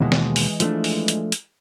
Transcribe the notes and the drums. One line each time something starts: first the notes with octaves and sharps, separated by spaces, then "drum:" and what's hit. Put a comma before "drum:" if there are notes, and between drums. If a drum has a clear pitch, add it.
D#2 B2 E3 G#3
drum: snare
drum: open hi-hat
F3 A3 D4, drum: hi-hat
drum: open hi-hat
drum: hi-hat
drum: hi-hat